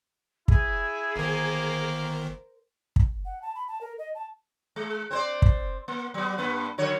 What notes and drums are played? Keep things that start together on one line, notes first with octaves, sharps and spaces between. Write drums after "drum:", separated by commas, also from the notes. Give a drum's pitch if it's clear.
E4 G#4, drum: kick
G1 D#3 A#3 A#4 C5
drum: kick
F#5
A5
B5
A5
A#4
D#5
A5
G#3
C4 C5 D5
drum: kick
A#3
F#3 B3
G2 A#3 B4
D3 F#3 C#5